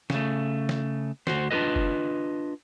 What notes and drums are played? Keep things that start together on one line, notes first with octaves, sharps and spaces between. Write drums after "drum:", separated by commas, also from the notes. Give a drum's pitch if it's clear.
C#3 A3, drum: snare
drum: snare
D2 B2 F#4 C5, drum: snare
D4 F4 G4 A4 B4 D#5
drum: kick F#1